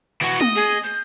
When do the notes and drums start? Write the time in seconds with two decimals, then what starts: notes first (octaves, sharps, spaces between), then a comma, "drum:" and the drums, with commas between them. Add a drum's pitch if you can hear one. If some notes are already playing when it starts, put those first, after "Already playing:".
0.22 E3 F#4
0.41 D#5, drum: tom
0.56 G#4
0.84 G6